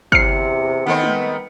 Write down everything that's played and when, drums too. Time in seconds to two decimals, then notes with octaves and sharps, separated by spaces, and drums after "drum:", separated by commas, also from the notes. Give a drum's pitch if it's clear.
0.12 E2 C3 F6 C7 C#7, drum: kick G1
0.87 D#3 A3 B3 C4
1.03 drum: tom